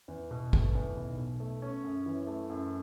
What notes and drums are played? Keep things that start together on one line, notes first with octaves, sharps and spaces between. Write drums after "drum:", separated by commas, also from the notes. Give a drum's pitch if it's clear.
E2
B2
A3, drum: kick A1
E2
B1
B2
A3
C#4
F#2
E3
A3
F#2